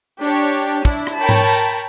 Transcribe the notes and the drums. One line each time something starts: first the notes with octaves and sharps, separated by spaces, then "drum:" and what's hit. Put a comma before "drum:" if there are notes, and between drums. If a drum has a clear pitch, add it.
D4 G4 C#5
D4 E4, drum: kick
drum: rim click
A#4 C#5 G5 A5 B5
drum: tom G#2
drum: tambourine